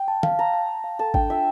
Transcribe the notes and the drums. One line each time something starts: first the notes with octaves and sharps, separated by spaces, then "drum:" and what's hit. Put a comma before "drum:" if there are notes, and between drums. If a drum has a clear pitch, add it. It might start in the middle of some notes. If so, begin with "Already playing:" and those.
Already playing: G5
A5
F5, drum: tom D#3
A5 A#5
A5
A5
F5
A4 A5
D4 G5, drum: kick G#1
F4 E5